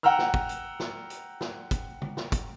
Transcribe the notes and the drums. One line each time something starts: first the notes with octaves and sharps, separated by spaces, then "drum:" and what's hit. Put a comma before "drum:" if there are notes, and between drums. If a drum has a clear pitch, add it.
F#5 G5 A#5 E6 F6
drum: snare
drum: kick
drum: hi-hat
drum: snare
drum: hi-hat
drum: snare
drum: kick, hi-hat
drum: tom C#3
drum: snare
drum: kick, hi-hat